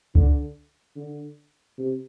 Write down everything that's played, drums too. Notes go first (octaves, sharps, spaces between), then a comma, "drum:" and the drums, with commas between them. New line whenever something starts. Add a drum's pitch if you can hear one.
D3, drum: kick C#2
D3
C3